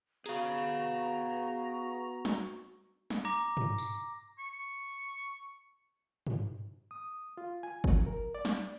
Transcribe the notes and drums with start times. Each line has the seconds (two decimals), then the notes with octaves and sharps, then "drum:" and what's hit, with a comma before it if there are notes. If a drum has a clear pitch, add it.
0.26 B3 F#4 G#4 F5 A#5, drum: hi-hat
2.25 drum: snare
3.10 drum: snare
3.25 A#5 D6 A#6
3.57 drum: tom
3.78 drum: tambourine
4.39 C#6
6.27 drum: tom
6.91 D#6
7.37 F4
7.63 G#5
7.84 F2, drum: kick G1
8.06 A#4
8.35 D5
8.45 drum: snare